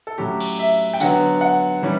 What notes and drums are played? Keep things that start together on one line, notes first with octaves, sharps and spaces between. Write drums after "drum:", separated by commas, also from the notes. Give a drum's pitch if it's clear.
A4
A2 F#3 C#4 G4
drum: cymbal
E5
G5
D3 F#3 B3 F#5, drum: tambourine
F#5
E3 G3 C#4